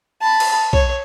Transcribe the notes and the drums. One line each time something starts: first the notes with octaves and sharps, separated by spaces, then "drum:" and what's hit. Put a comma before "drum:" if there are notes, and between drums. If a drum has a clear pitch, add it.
A5 B5
drum: cymbal
C#5, drum: kick B1